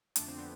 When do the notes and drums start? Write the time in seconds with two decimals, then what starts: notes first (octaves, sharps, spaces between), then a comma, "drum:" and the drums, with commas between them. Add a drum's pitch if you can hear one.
0.16 F2 D3 F3 A3 D4, drum: hi-hat
0.27 C4
0.37 B3